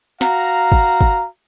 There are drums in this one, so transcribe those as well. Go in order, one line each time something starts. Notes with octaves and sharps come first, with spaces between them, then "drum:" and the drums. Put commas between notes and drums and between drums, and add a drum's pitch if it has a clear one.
F#4 F5 A#5, drum: snare
drum: kick
drum: kick